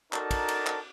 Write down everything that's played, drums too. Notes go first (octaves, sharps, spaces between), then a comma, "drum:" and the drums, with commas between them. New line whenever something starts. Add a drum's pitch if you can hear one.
D#4 F#4 A4 A#4 D5 A5, drum: clap
drum: kick, cymbal
drum: cymbal
drum: clap